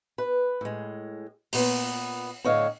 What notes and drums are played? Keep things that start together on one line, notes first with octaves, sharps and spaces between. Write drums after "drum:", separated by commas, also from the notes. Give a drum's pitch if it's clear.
B4
A2 G#3
A#2 B3, drum: open hi-hat
A2 D3 C#5 D#5 F5